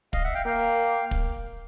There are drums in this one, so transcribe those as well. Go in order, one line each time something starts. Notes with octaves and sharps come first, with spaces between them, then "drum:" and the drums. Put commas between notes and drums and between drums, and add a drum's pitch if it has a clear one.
D#5 F5, drum: kick
E5 F#5
F5 G5
A#3 F5 G5
drum: kick